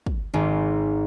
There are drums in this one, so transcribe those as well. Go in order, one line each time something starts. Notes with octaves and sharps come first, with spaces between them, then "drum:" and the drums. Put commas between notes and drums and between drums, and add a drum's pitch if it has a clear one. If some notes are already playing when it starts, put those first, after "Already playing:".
drum: kick
G#1 G#2